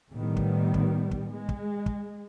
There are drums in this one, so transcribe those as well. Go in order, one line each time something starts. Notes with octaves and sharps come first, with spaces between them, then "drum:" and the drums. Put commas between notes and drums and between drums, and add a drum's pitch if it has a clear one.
A2 D#3 G3 B3
drum: kick
drum: kick
drum: kick
G#3
drum: kick
drum: kick